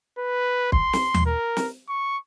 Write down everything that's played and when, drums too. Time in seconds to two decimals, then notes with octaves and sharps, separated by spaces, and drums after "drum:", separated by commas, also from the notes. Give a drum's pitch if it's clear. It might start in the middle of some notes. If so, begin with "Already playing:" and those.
0.18 B4
0.72 C6, drum: kick
0.93 drum: snare
1.14 drum: tom D#2
1.26 A#4
1.57 drum: snare
1.89 C#6